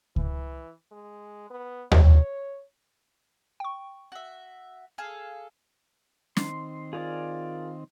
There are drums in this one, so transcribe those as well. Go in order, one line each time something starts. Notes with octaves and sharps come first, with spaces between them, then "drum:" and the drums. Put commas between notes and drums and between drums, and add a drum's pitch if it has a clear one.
E3, drum: kick C#2
G#3
B3
C#5, drum: tom D#2
G5 C#6
F#4 E5
G#4 A4 F5
D#3 C4 C6, drum: snare
F4 G#4 A#4 D5